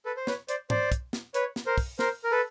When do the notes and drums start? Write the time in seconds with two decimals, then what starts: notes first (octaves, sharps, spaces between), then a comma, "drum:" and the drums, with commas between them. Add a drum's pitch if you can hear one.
0.06 A4 B4
0.17 C5
0.27 B4 C#5, drum: snare
0.49 C5 D5, drum: hi-hat
0.70 C5 D5, drum: tom G#2
0.92 drum: kick, hi-hat
1.13 drum: snare
1.34 B4 C#5, drum: hi-hat
1.56 drum: snare
1.66 A#4 C5
1.78 drum: kick, open hi-hat
1.99 A#4 C5, drum: snare
2.24 A#4
2.31 A4 B4